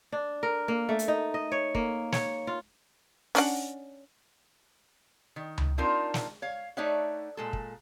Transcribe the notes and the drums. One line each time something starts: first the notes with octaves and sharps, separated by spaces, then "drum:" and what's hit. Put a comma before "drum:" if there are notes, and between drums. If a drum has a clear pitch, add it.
D4
A#4
A#3
A3
drum: hi-hat
D#4
D#5
C#5
A#3, drum: kick
C#5, drum: snare
F4
C#4 D4 F#5, drum: open hi-hat
D#3
drum: tom C#2
C4 D4 D#4 F4 A#4
drum: snare
C#5 F5
A3 D#4 C#5 D5 E5 F#5
A#2 G#3 A4
drum: kick